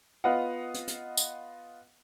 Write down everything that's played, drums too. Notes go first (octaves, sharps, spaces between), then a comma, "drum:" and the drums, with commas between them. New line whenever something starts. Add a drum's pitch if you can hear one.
B3 F4 B4 D#5 F5 F#5
drum: hi-hat
drum: hi-hat
drum: tambourine